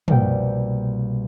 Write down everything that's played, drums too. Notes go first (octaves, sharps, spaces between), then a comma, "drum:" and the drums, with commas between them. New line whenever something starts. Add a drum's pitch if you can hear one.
C2 B2 G3 A#3 G5, drum: tom